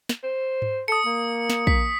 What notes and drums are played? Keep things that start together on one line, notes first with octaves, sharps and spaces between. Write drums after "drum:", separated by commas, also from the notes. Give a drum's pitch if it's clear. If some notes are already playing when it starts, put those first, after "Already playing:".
drum: snare
C5
drum: tom G#2
A4 D#6 C#7
A#3
drum: snare
B6, drum: kick